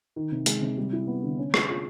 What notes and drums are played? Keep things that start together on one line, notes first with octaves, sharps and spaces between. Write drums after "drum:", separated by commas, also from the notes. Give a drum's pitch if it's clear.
D#3
C3
G#3, drum: hi-hat
C3
G3
E4
B3
D3
C#4
G#4, drum: rim click
F4